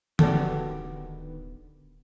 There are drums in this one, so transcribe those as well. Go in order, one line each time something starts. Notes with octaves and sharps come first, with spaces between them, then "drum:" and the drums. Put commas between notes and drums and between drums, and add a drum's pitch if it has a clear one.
D1 D3 D#3 B3 F#4 G4 A4 D5, drum: tom D3